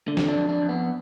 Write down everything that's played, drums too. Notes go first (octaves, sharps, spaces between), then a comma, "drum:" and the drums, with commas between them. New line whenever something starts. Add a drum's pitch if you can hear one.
D3
drum: snare
D4
F2
D4
F2
B3